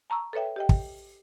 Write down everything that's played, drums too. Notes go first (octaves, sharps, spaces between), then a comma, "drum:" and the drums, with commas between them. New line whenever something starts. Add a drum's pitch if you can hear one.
A5 A#5 C#6 E6
A4 B4 C#5 E5 G5
G4 D#5 G5
drum: kick